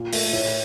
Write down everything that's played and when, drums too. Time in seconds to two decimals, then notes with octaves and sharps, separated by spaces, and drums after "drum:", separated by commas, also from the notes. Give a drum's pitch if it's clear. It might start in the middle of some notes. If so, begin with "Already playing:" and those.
Already playing: A#2
0.13 A3, drum: open hi-hat
0.33 A2